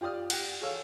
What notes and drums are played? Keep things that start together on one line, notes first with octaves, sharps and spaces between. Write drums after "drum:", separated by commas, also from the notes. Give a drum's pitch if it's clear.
F4 G4 D5 D#6 F6
G4 F#5, drum: cymbal
F#4 G#4 A4 C#5 F5 E6